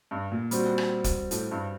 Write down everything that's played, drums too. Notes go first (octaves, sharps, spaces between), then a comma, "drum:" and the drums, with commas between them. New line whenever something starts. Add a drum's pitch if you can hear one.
G2
A#2
G3 C4 F#4, drum: hi-hat
drum: rim click
drum: kick, hi-hat
A2, drum: hi-hat
G2